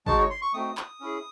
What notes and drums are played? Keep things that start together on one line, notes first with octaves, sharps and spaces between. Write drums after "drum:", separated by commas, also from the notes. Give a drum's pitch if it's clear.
G#3 D#4 F#4 A5, drum: kick G1
C#5
C6
C#6
A3 C4 D#4 F#4 D#6
drum: clap
C#4 E4 G#4